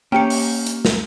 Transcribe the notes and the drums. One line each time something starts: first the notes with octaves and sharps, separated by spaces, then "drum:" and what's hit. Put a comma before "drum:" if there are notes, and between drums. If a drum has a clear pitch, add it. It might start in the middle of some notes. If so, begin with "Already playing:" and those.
A#3 C#4 G4 G5 C#7
drum: open hi-hat
drum: hi-hat
drum: snare